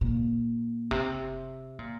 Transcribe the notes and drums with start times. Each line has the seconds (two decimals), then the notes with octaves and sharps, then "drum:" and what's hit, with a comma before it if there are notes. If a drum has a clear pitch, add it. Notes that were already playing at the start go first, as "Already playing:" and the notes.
0.01 A#2
0.91 C3, drum: kick F#1
1.79 A#2